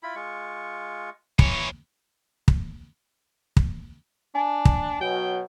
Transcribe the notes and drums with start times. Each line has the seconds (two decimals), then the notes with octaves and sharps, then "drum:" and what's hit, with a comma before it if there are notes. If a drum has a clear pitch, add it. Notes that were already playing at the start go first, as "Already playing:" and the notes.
0.03 E4 F4 B5
0.15 G#3 F4 C#6
1.39 E3 C#5, drum: kick
2.48 drum: kick
3.57 drum: kick
4.35 D4 G#5
4.65 drum: kick
5.01 B2 F#3 G5